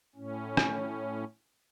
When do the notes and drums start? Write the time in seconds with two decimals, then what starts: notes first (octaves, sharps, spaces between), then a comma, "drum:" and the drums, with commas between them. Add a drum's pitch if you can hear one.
0.15 A2 C#4
0.57 drum: rim click